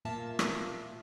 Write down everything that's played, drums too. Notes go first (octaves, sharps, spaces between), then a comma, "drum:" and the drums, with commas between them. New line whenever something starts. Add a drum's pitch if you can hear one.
A#2 A#3 F4 E5 A5
drum: rim click